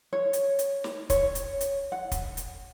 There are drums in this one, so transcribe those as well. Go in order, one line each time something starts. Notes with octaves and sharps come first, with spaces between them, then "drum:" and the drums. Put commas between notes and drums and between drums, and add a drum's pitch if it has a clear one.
C#5
drum: hi-hat
drum: hi-hat
drum: snare
C#5, drum: kick, hi-hat
drum: hi-hat
drum: hi-hat
F#5
drum: kick, hi-hat
drum: hi-hat